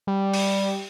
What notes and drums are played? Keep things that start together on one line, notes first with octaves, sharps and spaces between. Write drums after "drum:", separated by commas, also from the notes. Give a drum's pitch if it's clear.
G3
drum: open hi-hat